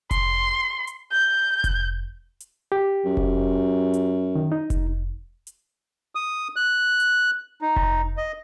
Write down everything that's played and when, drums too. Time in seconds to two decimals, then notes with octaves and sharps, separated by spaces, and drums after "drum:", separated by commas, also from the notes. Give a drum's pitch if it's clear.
0.11 C6, drum: kick F1, hi-hat
0.87 drum: hi-hat
1.11 G6
1.64 drum: kick F1, hi-hat
2.40 drum: hi-hat
2.72 G4
3.05 F#2
3.17 drum: kick F1
3.94 drum: hi-hat
4.36 D#3
4.52 D#4
4.70 drum: kick F1, hi-hat
5.47 drum: hi-hat
6.15 D#6
6.56 F#6
7.00 drum: hi-hat
7.61 D#4
7.76 drum: kick F1
8.17 D#5